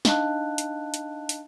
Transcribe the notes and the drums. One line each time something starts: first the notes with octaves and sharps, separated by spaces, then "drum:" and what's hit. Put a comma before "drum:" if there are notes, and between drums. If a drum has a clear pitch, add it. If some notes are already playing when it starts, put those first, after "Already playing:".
D4 D#4 D#5 F5 A5 F#6, drum: snare
drum: hi-hat
drum: hi-hat
drum: hi-hat